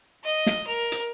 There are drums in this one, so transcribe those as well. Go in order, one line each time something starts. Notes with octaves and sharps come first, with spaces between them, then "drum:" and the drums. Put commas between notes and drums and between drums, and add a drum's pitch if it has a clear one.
D#5
drum: snare
A#4
drum: hi-hat